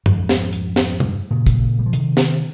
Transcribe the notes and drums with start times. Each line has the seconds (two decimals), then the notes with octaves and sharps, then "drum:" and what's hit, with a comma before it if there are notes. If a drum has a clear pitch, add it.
0.06 F2 G#2, drum: tom
0.29 drum: snare
0.53 drum: hi-hat
0.76 drum: snare
1.00 G2, drum: tom
1.30 A#2 C#3
1.47 drum: kick, hi-hat
1.79 G3
1.86 F3
1.93 C3 D#3, drum: hi-hat
2.17 drum: snare